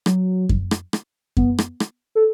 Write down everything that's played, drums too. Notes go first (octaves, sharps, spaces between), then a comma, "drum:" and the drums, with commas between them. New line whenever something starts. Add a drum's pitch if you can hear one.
F#3, drum: rim click
drum: kick F#2
drum: rim click
drum: rim click
B3, drum: kick F#2
drum: rim click
drum: rim click
A4